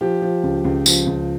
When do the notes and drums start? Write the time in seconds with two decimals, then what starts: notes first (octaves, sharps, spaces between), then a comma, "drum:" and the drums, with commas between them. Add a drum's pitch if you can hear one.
0.01 F3 G4
0.22 F3
0.43 C#2
0.64 C#2
0.86 F3, drum: tambourine
1.07 C#2